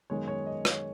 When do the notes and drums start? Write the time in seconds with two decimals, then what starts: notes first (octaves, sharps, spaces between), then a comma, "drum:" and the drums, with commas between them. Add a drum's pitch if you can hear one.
0.10 F#2 D#3 G#3 B3 C#5
0.28 C#5
0.46 D#5
0.65 C#5, drum: rim click